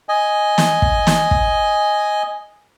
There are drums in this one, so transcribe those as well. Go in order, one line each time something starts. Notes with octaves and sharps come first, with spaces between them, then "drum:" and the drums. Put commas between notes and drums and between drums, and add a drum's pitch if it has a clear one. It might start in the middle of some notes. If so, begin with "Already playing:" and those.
D#5 G#5
drum: snare
drum: kick
drum: snare
drum: kick